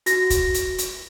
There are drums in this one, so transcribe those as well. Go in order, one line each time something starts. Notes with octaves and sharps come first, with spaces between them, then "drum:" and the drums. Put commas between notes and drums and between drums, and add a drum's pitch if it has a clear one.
F#4 A#6, drum: hi-hat
drum: kick, hi-hat
drum: hi-hat
drum: hi-hat